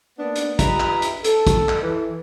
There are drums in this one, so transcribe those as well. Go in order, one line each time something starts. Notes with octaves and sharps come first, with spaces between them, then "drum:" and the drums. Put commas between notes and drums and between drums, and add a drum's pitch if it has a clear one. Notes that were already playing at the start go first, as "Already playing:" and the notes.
A#3 B3 D4
drum: hi-hat
F4 G4 B4 D#5 E5 A#5, drum: kick, hi-hat
drum: clap
drum: hi-hat
A4, drum: hi-hat
drum: kick, hi-hat
drum: clap
E3